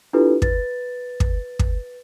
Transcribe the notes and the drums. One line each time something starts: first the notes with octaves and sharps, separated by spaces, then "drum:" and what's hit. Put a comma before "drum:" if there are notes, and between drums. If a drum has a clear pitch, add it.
D4 E4 F4 G4 A4 B4
B4 A6, drum: kick
drum: kick
drum: kick